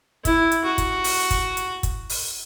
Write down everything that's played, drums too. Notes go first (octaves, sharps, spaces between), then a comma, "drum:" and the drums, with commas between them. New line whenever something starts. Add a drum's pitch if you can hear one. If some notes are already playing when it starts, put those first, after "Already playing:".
E4, drum: kick, hi-hat
drum: hi-hat
F#4
drum: kick, hi-hat
drum: open hi-hat
drum: kick, hi-hat
drum: hi-hat
drum: kick, hi-hat
drum: open hi-hat